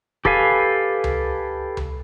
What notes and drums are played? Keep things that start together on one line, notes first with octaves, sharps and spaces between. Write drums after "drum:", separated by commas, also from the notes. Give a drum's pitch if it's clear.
G4 A4 B4 F5 G#5, drum: kick
drum: tom C#2
drum: tom C#2